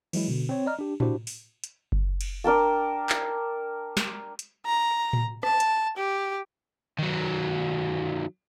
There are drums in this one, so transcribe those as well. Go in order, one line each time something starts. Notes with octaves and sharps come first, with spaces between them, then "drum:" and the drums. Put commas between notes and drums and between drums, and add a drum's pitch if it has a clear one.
E3 F#3 G#3 E4, drum: cymbal
B2 D3
C4 C#5
D5 D#5 A#5 F6
D4 G4
D4 E4 F#4 G4 C5, drum: tom A2
drum: open hi-hat
drum: hi-hat
drum: kick F#1
drum: cymbal
D4 A#4 G5 A5
drum: clap
drum: snare
drum: hi-hat
A#5
drum: tom A2
A5, drum: rim click
drum: hi-hat
G4
D#3 F#3